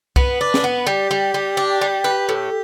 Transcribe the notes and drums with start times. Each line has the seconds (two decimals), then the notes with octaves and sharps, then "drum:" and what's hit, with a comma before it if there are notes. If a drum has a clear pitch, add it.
0.16 B3 B4, drum: kick C2
0.41 D4
0.54 drum: snare
0.64 B3
0.87 G3 G4
1.11 G3
1.34 G3
1.57 D4
1.81 G3
2.04 B4
2.29 A2